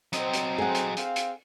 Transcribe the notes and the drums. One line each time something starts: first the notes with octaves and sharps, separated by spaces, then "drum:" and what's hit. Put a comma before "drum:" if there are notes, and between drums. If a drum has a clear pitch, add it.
F#3 C4 D#5, drum: hi-hat
drum: hi-hat
G#4 F#5
drum: hi-hat
C4 F5, drum: hi-hat
drum: hi-hat